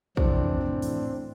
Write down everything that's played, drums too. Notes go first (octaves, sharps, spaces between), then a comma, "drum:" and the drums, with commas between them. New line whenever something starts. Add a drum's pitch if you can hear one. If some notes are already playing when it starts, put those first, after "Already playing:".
F2 C3 E3 C4 D4, drum: kick A#1
A2 E3
drum: open hi-hat